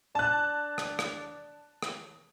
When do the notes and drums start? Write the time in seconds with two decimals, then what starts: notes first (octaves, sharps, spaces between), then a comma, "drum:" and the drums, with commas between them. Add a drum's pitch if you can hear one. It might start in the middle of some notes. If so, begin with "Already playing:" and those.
0.15 D4 A5 F#6
0.78 drum: rim click
0.99 drum: rim click
1.82 drum: rim click